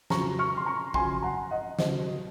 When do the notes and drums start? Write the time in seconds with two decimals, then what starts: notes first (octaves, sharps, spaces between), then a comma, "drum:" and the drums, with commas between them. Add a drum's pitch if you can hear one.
0.10 F2 C#3 F#3 A#5 C#6, drum: snare
0.39 C#6 F6
0.57 C6
0.66 A#5 C#6
0.94 F2 C#3 F#3 G#5 C6, drum: kick G#1
1.22 F#5 A#5
1.51 D#5 F#5
1.79 D#2 C#3 F#3 C5 D#5, drum: snare